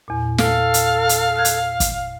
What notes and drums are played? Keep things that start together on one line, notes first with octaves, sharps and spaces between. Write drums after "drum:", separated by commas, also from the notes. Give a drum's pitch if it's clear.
E2 A#2
A4 F5, drum: snare
drum: hi-hat
drum: hi-hat
F6 F#6 G#6
drum: hi-hat
drum: kick, hi-hat